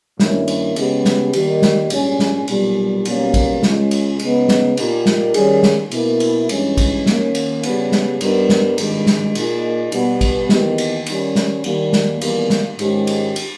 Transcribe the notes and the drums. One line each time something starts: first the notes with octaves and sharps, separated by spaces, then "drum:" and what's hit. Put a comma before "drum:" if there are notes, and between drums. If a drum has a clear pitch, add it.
G2 D#3 A#3 C#4 E4, drum: snare
drum: cymbal
C#3 G#3 B3 D#4 G4, drum: cymbal
drum: snare
D#3 G3 A#3 D#4 G4, drum: cymbal
drum: snare
A#1 G#2 G3 C#4 G#4, drum: cymbal
drum: snare
B1 A#2 G3, drum: cymbal
B1 B2 G3 A#3 C#4, drum: cymbal
drum: kick, cymbal
C#2 C#3 G#3, drum: snare
drum: cymbal
C#3 G#3 B3 D#4, drum: cymbal
drum: snare
A#2 A#3 D#4 G4 A#4, drum: cymbal
drum: snare
D#3 G3 C#4 G#4, drum: cymbal
drum: snare
B2 A#3 E4, drum: cymbal
drum: cymbal
G2 E3 G#3 C#4, drum: cymbal
drum: kick, cymbal
D#2 D#3 A#3 C#4, drum: snare
drum: cymbal
C#3 G3 B3, drum: cymbal
drum: snare
G2 G3 B3 D#4 A#4, drum: cymbal
drum: snare
G#1 G2 D#3 G#3, drum: cymbal
drum: snare
A#2 A#3 D#4 G#4, drum: cymbal
B2 G3 B3, drum: cymbal
drum: kick, cymbal
E2 D#3 A#3 D#4 G4, drum: snare
drum: cymbal
D#3 G3 C#4, drum: cymbal
drum: snare
D#2 D#3 G3 A#3, drum: cymbal
drum: snare
E2 D#3 G3 A#3, drum: cymbal
drum: snare
G#2 D#3 G#3 C#4 G4, drum: cymbal
drum: cymbal
drum: cymbal